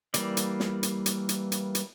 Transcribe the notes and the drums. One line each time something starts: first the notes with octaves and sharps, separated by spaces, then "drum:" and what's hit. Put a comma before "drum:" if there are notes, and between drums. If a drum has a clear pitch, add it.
E3 G3 A#3 D5, drum: hi-hat
drum: hi-hat
drum: snare
drum: hi-hat
drum: hi-hat
drum: hi-hat
drum: hi-hat
drum: hi-hat